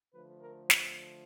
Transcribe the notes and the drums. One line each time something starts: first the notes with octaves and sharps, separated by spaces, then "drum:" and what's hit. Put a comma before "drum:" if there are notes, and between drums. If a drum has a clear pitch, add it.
D3 F3 A3 B4
A#4
drum: snare